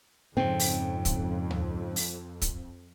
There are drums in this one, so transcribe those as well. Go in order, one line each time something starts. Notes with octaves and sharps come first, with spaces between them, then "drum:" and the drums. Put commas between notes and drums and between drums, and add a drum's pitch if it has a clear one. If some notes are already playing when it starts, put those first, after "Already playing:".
F2 G#2 C#3 C4
drum: open hi-hat
drum: kick, hi-hat
drum: tom D2
drum: open hi-hat
drum: kick, hi-hat